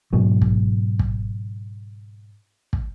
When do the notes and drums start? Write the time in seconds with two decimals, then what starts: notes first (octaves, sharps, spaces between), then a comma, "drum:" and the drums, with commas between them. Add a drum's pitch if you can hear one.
0.13 G#2 B2 F#3
0.42 drum: kick
0.99 drum: kick
2.73 drum: kick